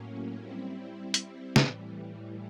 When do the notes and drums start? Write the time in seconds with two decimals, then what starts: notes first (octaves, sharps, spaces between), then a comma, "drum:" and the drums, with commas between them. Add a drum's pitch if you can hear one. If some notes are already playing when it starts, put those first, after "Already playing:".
Already playing: A2 F#3 A#3 C#4
0.36 G3 C4 E4
1.14 drum: hi-hat
1.56 A2 E3 G3, drum: snare